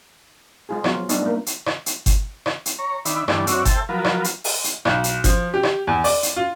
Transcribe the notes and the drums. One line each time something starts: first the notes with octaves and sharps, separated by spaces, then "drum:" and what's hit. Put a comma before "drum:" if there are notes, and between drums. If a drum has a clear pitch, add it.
G#3 F4 G#4
F3 F#3 B3 F4, drum: rim click
G3 A3 B3 D4 D#4, drum: hi-hat
A3 A#3
drum: hi-hat
drum: rim click
drum: hi-hat
drum: kick G1, hi-hat
drum: rim click
drum: hi-hat
C#5 A#5
D#3 D4 E5 B5, drum: hi-hat
G2 D3 E3 G3 A3 D4, drum: rim click
F#2 C4 D4 F#4 C#5 E5, drum: hi-hat
A4 C5 E5 G5 A5, drum: kick G1, hi-hat
F3 F#3 F4 A#4 B4
drum: rim click
drum: hi-hat
drum: open hi-hat
drum: hi-hat
B1, drum: rim click
drum: hi-hat
F3, drum: kick G1, hi-hat
G4
drum: rim click
E2
D5, drum: open hi-hat
drum: hi-hat
F4